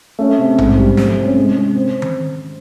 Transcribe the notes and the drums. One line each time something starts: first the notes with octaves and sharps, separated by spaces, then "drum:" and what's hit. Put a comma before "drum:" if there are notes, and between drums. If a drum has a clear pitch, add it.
A3 C#4
C3
G#2, drum: tom A#1
G3
A3 C4, drum: snare
C3
C#4
G#3 C#4
C3 C#4
C4
drum: tom D#3